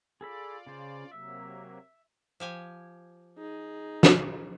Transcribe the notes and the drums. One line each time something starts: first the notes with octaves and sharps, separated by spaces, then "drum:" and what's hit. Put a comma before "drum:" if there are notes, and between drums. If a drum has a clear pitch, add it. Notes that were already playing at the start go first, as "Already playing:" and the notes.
F4 G#4 A4 D5 B5
C#3 C5
C3 F#3 A#3 E5
F3 G4 G#5
D#4 G#4
drum: snare